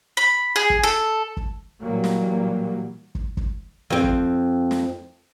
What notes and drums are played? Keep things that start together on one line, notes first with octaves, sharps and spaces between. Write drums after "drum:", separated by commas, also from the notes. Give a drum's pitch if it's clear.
B5
G#4
drum: kick
A4
drum: kick
A#2 E3 F#3 G3 A#3
drum: snare
drum: kick
drum: kick
F2 C4
drum: kick
drum: snare